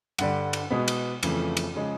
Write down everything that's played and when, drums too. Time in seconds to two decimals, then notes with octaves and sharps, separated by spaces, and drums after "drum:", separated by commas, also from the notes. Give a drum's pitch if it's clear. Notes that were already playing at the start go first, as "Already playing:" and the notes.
0.18 G2 D3 G3 F#5, drum: cymbal
0.53 drum: cymbal
0.70 B2 G#3 B3
0.88 drum: cymbal
1.23 F2 C#3 E3 A3, drum: cymbal
1.57 drum: cymbal
1.74 C#3 F3 G#3